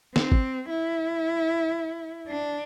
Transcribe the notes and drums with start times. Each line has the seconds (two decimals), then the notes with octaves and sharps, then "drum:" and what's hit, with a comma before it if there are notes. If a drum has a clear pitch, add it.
0.16 C4, drum: snare
0.32 drum: kick
0.70 E4
2.28 D4